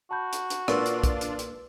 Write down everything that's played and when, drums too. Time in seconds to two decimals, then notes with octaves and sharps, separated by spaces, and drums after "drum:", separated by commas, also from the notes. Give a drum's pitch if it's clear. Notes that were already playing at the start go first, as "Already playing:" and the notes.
0.11 F#4 A5 B5 G6
0.33 drum: hi-hat
0.50 drum: hi-hat
0.68 A#2 D4 F4 B4 D5 C6 E6, drum: rim click
0.86 drum: hi-hat
1.04 drum: kick, hi-hat
1.21 drum: hi-hat
1.39 drum: hi-hat